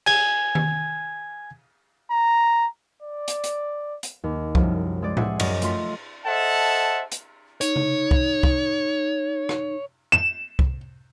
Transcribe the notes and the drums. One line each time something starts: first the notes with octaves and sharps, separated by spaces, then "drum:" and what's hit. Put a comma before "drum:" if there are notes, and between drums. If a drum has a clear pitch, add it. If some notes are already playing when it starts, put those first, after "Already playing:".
G#5 G#6, drum: cymbal
drum: tom D#3
A#5
D5
drum: hi-hat
drum: hi-hat
drum: hi-hat
D#2
C2 F#2 F3, drum: kick
G#3 D5
G#4 C5 E5 F#5 G#5, drum: tom A2
F#2 D5 D#5 C#6, drum: cymbal
A3 F4 C6 B6, drum: hi-hat
A4 C5 D#5 E5 F#5 A5
drum: hi-hat
D#4 C#5, drum: hi-hat
drum: tom C#3
drum: kick
drum: kick
drum: rim click
E7
drum: kick